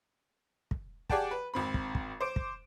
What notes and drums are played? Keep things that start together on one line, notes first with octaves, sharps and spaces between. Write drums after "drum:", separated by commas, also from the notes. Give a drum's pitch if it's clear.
drum: kick
G4 G#4 D5 F#5 G5 A5, drum: kick
B4
G#1 C4 B5
drum: kick
drum: kick
C5 D6 D7
drum: kick